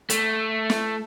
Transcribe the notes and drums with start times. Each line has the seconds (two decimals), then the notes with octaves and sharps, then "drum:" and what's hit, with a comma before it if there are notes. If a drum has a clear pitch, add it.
0.10 A3, drum: hi-hat
0.70 drum: snare